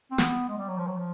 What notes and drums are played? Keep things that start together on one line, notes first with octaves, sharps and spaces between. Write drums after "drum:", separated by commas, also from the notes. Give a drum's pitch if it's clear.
C4
B3, drum: snare
G#3
G3
F#3
F3
F#3
F3